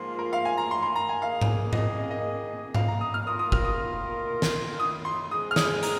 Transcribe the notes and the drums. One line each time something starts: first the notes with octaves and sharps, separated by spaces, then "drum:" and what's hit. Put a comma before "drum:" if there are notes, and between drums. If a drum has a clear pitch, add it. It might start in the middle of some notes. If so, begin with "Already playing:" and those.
Already playing: G#2 F3 A#3 F4
A#4
F5
G#5
A#5
C6
C6
A#5
G#5
D#3 A#3 G#4 F5
drum: tom G#2
D#5, drum: tom G#2
D#5
D#5
F5, drum: tom G#2
A#5
D#6
F6
D#3 A#3 F4 A#4 D#6
D#6
F6, drum: kick
D#6
drum: snare
D#6
C6
G#3 C4 G#4 D#6
F6
D#6, drum: snare
A#5, drum: hi-hat